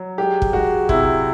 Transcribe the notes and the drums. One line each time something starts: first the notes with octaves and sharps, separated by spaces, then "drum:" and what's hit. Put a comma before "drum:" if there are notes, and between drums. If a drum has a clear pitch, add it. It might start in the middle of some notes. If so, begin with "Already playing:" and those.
Already playing: F#3
G#3 G4
drum: kick
G#3 F#4
C3 E4, drum: kick